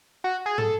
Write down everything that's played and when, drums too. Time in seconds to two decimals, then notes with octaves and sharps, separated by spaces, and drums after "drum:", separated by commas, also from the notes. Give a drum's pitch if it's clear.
0.24 F#4
0.46 G#4
0.58 A4, drum: tom